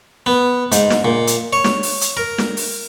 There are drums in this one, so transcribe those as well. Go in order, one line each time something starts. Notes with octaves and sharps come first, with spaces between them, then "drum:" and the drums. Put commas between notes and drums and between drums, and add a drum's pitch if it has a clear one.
B3
G#2, drum: hi-hat
drum: snare
A#2
drum: hi-hat
C#5
drum: snare
drum: open hi-hat
drum: hi-hat
A#4
drum: snare
drum: open hi-hat